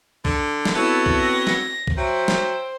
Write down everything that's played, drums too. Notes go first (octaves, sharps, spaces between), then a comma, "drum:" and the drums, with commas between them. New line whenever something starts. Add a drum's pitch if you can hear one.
D3, drum: kick
drum: snare
B3 C4 E4 F#4 A4 C#5
drum: kick
A#6
drum: snare
drum: kick
F#3 C5 E5 G5
drum: snare